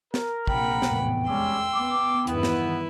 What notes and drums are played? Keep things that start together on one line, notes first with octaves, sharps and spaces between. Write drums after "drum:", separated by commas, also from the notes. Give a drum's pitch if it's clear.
A#4, drum: snare
A#1 C3 A#3 F#5 G5 B5, drum: kick
F1 E2 A2, drum: snare
G3 G#3 C#4 C6 D6 E6
B3 D6
E2 G2 D#3 B3 E4 B4, drum: hi-hat
drum: snare